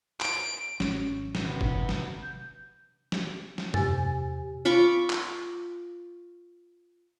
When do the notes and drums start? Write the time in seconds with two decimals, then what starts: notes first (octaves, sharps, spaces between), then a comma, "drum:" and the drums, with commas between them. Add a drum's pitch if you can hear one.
0.21 D7, drum: clap
0.80 G#1 C#4, drum: snare
1.35 C3 D#3 B3, drum: snare
1.61 drum: kick
1.89 drum: snare
2.23 G6
3.12 drum: snare
3.58 drum: snare
3.74 E2 C3 G4 G#5 A6, drum: tom F#2
4.65 F4 B5 C#6 D6
5.10 drum: clap